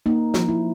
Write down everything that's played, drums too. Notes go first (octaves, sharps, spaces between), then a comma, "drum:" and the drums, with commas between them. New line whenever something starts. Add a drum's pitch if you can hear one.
A#3 D#4
F3, drum: snare
E4